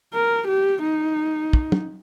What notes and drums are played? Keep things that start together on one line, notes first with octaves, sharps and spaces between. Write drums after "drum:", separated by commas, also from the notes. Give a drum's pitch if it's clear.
A#4
G4
D#4
drum: kick
drum: tom